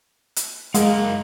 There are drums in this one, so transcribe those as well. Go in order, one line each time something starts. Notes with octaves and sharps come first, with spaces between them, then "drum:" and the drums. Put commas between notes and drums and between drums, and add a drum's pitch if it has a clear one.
drum: hi-hat
F#2 G#3 A#4 F5, drum: hi-hat